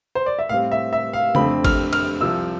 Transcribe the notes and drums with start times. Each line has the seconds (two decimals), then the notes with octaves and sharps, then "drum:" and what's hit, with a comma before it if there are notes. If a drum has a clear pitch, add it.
0.15 C5
0.26 D5
0.39 E5
0.49 A2 G3 C4 F5
0.72 E5
0.93 E5
1.13 F5
1.35 F2 D3 A3 C4 B5, drum: tom C#3
1.64 F6, drum: kick G#1, cymbal
1.93 F6, drum: cymbal
2.21 C2 C3 F3 E6